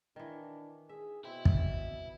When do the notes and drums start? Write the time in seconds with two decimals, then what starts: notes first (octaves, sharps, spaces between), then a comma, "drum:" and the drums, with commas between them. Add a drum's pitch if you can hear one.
0.16 D#3 E3 D4
0.89 G#4 E5
1.24 B2 C4 E4
1.45 drum: kick